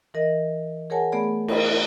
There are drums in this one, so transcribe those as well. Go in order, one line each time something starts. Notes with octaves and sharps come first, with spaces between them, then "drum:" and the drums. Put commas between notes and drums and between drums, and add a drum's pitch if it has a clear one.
E3 A#4 D#5
G#4 A#4 C#5 F#5 G#5 A5
A3 B3 G#4 D5 B5
A#4 C5 B5, drum: cymbal